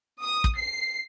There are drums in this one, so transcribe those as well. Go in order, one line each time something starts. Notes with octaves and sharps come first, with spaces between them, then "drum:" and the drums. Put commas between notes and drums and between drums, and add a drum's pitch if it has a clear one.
D#6
drum: kick
C7